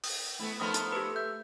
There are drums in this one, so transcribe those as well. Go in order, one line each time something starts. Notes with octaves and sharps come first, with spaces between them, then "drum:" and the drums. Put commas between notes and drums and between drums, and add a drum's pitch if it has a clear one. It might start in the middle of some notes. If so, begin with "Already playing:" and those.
D#6, drum: open hi-hat
A3 B3 E4
F3 A3 B3 D#4 A#4 B5 C6 D#6
drum: hi-hat
G4 A4 B4
E5 G6